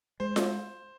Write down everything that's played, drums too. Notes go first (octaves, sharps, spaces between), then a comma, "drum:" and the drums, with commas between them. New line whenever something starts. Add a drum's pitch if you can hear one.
G#3 C5
drum: snare F4